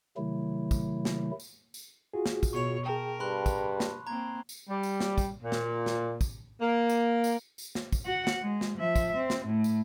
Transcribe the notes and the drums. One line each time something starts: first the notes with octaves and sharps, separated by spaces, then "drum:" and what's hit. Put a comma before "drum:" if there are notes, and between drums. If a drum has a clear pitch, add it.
C3 D#3 F#3 A3 E4
drum: kick, tambourine
drum: snare
drum: tambourine
drum: tambourine
F4 F#4 G#4
drum: snare
drum: kick, tambourine
B2 C#5 C#6 F7
G#4 A#4 G5 A5
G2 B5 C6 F#6
drum: kick, tambourine
drum: snare
A#3 C4 A#5 G#6
drum: tambourine
G3
drum: tambourine
drum: snare
drum: kick, tambourine
A#2
drum: snare
drum: snare
drum: kick, tambourine
A#3
drum: tambourine
drum: tambourine
drum: tambourine
drum: snare
drum: kick, tambourine
F#4 F#5
drum: snare
G#3
drum: snare
F3 E5
drum: kick, tambourine
C4
drum: snare
A2
drum: tambourine